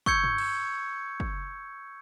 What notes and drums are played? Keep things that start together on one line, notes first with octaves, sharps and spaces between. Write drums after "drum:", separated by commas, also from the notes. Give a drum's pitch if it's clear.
C#6 E6 G6 G#6 C#7, drum: kick
drum: tom G2
drum: cymbal
drum: kick